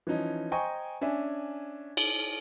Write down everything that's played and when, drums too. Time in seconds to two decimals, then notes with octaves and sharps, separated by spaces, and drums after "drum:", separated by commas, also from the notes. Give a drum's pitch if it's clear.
0.07 E3 F3 C#4 D#4
0.52 C5 D#5 G5 G#5 A#5 C#6
1.01 C#4 D4 E5 G#5
1.97 drum: cymbal